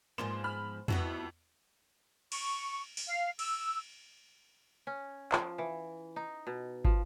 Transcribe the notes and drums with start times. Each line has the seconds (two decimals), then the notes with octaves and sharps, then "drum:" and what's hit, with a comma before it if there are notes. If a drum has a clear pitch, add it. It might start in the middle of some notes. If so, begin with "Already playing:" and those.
0.18 G#2 F3 A#3 B3 C6 E7
0.44 B5 F6
0.88 F2 B3 E4 F#4, drum: tom
2.32 C#6, drum: cymbal
2.97 drum: open hi-hat
3.07 F5
3.39 E6, drum: cymbal
4.87 C#4
5.32 F3, drum: clap
5.58 E3
6.16 D#4
6.47 B2
6.85 F3, drum: kick